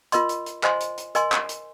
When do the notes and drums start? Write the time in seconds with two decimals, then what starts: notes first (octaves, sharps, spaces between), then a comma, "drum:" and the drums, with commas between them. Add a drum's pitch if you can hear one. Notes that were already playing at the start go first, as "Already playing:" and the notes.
0.12 F4 A#4 D#5 C6, drum: hi-hat
0.29 drum: hi-hat
0.46 drum: hi-hat
0.63 C5 D#5 G#5 C6, drum: clap
0.81 drum: hi-hat
0.98 drum: hi-hat
1.15 A#4 D#5 G#5 C6, drum: hi-hat
1.32 drum: clap
1.49 drum: hi-hat